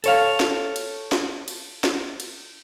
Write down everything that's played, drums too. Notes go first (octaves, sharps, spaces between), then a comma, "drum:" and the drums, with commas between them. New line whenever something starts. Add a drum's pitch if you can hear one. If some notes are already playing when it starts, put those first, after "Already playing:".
A4 C#5 F5, drum: cymbal
drum: snare
drum: cymbal
drum: snare
drum: cymbal
drum: snare
drum: cymbal